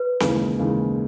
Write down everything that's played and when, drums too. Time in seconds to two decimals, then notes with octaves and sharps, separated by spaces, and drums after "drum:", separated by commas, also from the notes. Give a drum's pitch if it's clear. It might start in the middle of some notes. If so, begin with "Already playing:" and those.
Already playing: B4
0.20 D#2 C#3 E3 G#3, drum: snare C4
0.59 D#2 C#3 E3 G#3